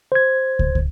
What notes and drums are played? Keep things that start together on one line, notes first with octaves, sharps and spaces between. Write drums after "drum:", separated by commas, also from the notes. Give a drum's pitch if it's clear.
C5 G#6
drum: kick
drum: kick